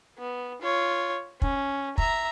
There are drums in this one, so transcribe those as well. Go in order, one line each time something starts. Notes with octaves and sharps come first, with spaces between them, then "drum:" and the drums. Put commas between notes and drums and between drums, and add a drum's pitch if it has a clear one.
B3
F4 C#5
C#4, drum: kick
E5 A#5, drum: kick